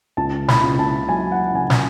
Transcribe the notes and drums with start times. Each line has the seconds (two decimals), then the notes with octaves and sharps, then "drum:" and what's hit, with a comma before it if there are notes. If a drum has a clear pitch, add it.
0.17 C#2 A5
0.48 B5, drum: snare
0.63 C#2
0.79 A5
1.08 F#3 G#5
1.32 F#5
1.54 C#3 G#5
1.70 drum: snare